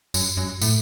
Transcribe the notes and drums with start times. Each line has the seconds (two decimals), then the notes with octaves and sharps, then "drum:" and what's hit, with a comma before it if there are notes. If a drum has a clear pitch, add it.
0.14 F#2, drum: tambourine
0.37 F#2
0.62 A2, drum: tambourine